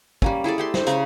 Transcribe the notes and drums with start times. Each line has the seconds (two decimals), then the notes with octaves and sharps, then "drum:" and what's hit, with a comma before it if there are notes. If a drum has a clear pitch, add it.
0.22 G3 A#3 C#4, drum: kick
0.44 E4 G#4 A4 D5
0.58 A3 G4 C6
0.74 C5, drum: snare
0.87 C#3 A#5 C#6, drum: hi-hat